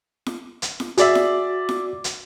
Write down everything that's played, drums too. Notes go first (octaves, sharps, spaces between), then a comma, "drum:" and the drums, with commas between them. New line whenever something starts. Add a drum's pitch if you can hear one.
drum: snare
drum: hi-hat
drum: snare
F#4 G#4 D5 E5, drum: hi-hat
drum: snare
drum: snare
drum: hi-hat